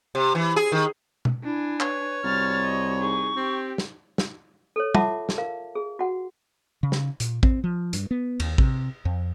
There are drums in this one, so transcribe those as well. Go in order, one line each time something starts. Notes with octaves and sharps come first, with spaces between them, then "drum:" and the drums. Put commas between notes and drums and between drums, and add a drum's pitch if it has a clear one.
C3
E3
G#4
D#3
drum: tom
D4 E4 G#5
B4 C#5, drum: clap
C2 F#4 F6 A6
D#5
D#4 G#4 C#6
C4 G4
drum: snare
drum: snare
A4 C#5
F4 E5 F#5 A5 D6, drum: tom
drum: snare
A#4 F5
G#4
F#4 F#5
C#3
drum: snare
A#2, drum: hi-hat
C4, drum: kick A1
F3
G2, drum: hi-hat
B3
D#2, drum: cymbal
C3, drum: kick A1
F2